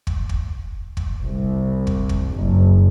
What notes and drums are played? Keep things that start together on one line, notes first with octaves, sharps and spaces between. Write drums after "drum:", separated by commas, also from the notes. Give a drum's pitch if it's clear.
drum: kick
drum: kick
drum: kick
C2
drum: kick
drum: kick
F#1